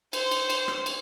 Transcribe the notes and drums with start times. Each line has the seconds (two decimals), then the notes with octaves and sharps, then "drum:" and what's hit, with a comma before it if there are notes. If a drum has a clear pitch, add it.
0.13 C5, drum: cymbal
0.31 drum: cymbal
0.50 drum: cymbal
0.68 drum: rim click
0.86 drum: cymbal